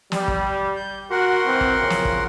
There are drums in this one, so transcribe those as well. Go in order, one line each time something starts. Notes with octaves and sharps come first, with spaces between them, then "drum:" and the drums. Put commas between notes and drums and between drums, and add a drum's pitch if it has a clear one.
G3, drum: snare
drum: kick
G6
F#4 A#4 F#5 C6
E3 C4
drum: kick
A#2 C#3
drum: snare
drum: kick